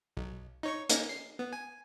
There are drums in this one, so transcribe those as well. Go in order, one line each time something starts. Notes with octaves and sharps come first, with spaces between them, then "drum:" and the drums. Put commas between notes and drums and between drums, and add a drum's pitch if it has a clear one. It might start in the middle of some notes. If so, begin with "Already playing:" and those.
B1
D#4 C#5 C#6
A#3 C#4 D#4, drum: hi-hat
C7
B3
G#5